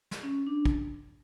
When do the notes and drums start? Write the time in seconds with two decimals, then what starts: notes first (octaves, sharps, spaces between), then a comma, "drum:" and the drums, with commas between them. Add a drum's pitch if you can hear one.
0.11 drum: snare
0.23 C#4
0.47 D4
0.65 drum: kick